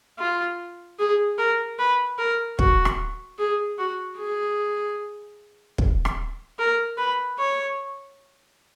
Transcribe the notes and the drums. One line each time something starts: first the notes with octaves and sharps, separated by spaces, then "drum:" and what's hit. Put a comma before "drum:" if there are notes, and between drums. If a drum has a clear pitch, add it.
F4
G#4
A#4
B4
A#4
F#4, drum: kick
drum: rim click
G#4
F#4
G#4
drum: kick
drum: rim click
A#4
B4
C#5